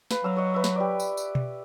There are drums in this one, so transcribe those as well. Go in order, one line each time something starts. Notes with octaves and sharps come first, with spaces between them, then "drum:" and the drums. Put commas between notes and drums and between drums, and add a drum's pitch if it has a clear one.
B4 F5, drum: snare
F#3 F5 D#6 E6
C#5 D#5
B4 E5
drum: snare
G4 D5
drum: tambourine
drum: tambourine
drum: tom B2